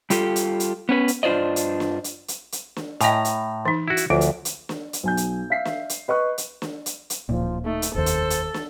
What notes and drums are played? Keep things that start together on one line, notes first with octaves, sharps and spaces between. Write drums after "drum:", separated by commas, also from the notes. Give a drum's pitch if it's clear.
G3 F4 G4 A4, drum: hi-hat
drum: hi-hat
drum: hi-hat
B3 C#4 B4
drum: hi-hat
G2 D4 F4 C5 D5 D#5
drum: hi-hat
drum: snare
drum: hi-hat
drum: hi-hat
drum: hi-hat
drum: snare
A2 D#5 G5 G#5 A#5, drum: hi-hat
drum: hi-hat
E3 D#4
E4 F#4
drum: hi-hat
D2 F3 F4
drum: hi-hat
drum: hi-hat
drum: snare
drum: hi-hat
B1 G#5 G6
drum: hi-hat
E5 F5 B6 C7
drum: snare
drum: hi-hat
B4 D#5 C#6 F#6
drum: hi-hat
drum: snare
drum: hi-hat
drum: hi-hat
D1 A#2 F3
A3 D#4
drum: hi-hat
F1 D#2 A4 C5
drum: hi-hat
drum: hi-hat
drum: snare